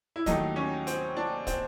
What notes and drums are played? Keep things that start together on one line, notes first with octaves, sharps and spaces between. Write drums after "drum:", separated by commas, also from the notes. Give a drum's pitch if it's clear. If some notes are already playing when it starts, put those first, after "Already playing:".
E4
D#2 D#3 F#3 A3 D#4, drum: kick, hi-hat
C#4
C4, drum: hi-hat
D4
C4, drum: kick, hi-hat